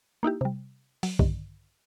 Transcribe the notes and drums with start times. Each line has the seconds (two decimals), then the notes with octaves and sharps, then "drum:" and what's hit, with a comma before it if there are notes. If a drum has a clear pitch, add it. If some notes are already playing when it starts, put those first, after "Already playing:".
0.23 A#3 D#4 E4 G4
0.41 C3 G3
1.03 F#3, drum: open hi-hat
1.19 A#1 G2 D3 D#3, drum: kick